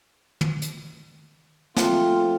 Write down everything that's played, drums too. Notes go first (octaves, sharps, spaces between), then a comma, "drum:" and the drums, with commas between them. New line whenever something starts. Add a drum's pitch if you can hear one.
drum: tom
drum: hi-hat
F3 A3 C4 F4, drum: snare